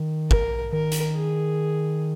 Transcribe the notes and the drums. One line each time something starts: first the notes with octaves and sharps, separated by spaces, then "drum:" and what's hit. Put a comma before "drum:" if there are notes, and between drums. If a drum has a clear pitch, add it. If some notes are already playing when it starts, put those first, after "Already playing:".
Already playing: D#3
A#4, drum: kick
D#3 A#4
drum: hi-hat
G#4